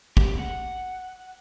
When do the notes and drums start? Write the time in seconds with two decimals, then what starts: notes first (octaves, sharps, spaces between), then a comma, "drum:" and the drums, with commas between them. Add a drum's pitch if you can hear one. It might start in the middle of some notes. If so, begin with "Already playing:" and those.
0.17 G4, drum: kick
0.39 F#5